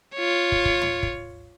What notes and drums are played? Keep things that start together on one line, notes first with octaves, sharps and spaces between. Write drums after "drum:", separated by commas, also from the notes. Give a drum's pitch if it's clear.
F4 C#5
drum: kick
drum: kick
drum: tom
drum: kick